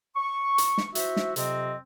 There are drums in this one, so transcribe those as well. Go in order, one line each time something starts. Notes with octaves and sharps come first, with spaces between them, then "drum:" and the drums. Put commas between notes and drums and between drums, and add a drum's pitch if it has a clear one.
C#6
drum: hi-hat
drum: snare
E4 F#4 C5 E5, drum: hi-hat
drum: snare
F2 C3 F#3 C4 D#5, drum: hi-hat